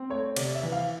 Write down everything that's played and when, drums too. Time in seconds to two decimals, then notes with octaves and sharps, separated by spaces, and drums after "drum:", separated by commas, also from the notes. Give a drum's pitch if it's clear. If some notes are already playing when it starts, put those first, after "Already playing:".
Already playing: C4
0.10 A3 C#5
0.36 C3 D5, drum: cymbal
0.55 E5
0.63 E3
0.72 F5